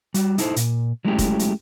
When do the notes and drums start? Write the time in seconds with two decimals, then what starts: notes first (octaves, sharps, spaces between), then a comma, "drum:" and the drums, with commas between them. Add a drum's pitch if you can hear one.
0.14 G3 F#4, drum: hi-hat
0.38 D#4 E4 A4 B4 C5, drum: hi-hat
0.56 A#2, drum: hi-hat
1.05 F#3 G#3 A3 C#4 E4 G4
1.19 drum: kick, hi-hat
1.39 drum: hi-hat